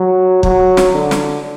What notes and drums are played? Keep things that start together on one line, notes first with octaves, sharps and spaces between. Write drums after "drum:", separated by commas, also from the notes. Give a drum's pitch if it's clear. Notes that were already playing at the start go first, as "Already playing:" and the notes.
Already playing: F#3
F#3, drum: kick
drum: snare
D3
drum: snare